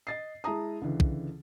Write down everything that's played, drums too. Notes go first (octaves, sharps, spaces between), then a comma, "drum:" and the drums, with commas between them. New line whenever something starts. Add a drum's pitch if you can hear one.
D#5 A6 C7
G#3 E4 A5 A#5 D#6
C#2 D3 E3
drum: kick